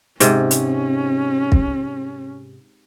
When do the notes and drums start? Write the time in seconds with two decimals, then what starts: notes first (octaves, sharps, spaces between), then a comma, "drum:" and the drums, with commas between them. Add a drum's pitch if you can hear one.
0.20 G#2 C3 C#4, drum: hi-hat
0.51 drum: hi-hat
1.52 drum: kick